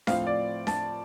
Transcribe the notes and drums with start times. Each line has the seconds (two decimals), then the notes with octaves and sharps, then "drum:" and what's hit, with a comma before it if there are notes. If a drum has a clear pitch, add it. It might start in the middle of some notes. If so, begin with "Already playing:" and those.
0.07 A2 F3 C4 F5, drum: snare D4
0.27 D5
0.67 A5, drum: snare D4